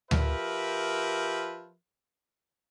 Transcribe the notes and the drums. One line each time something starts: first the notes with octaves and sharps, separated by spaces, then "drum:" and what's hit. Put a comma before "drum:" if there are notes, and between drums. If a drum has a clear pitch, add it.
F3 G4 A#4 B4 E5, drum: tom D2